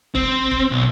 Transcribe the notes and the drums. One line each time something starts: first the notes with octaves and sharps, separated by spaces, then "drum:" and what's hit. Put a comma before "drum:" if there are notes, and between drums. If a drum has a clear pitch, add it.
C4, drum: kick E1
drum: kick E1
B1